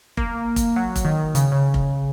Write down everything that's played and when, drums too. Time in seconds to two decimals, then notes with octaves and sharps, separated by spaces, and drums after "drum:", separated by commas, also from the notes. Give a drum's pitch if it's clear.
0.17 A#3, drum: kick F1
0.56 drum: kick F1, hi-hat
0.76 F#3
0.96 drum: kick F1, hi-hat
1.05 D#3
1.35 C#3, drum: hi-hat
1.52 C#3
1.74 drum: kick F1